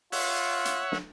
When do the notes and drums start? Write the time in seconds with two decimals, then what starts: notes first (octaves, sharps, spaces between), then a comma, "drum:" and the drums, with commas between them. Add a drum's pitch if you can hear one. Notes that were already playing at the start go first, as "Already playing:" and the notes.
0.12 F4 C#5 E5 F#5, drum: open hi-hat
0.65 drum: hi-hat
0.92 drum: snare